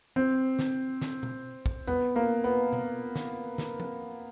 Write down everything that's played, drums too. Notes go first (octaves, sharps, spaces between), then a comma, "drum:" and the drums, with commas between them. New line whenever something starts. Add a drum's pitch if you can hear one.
C4, drum: tom F3
drum: snare
drum: snare
drum: tom B2
drum: kick
B3, drum: tom E2
A#3
B3
drum: tom B2
drum: snare
drum: snare
drum: tom F3